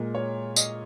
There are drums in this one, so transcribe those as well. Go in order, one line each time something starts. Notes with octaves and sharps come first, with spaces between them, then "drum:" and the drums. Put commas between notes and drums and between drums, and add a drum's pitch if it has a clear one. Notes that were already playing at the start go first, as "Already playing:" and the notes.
Already playing: A#2 G#3 A#4
C#5
D#5, drum: tambourine